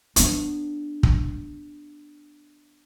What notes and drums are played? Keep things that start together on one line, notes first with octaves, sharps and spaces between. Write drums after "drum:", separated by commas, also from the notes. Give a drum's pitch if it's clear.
B3 D4, drum: hi-hat
drum: kick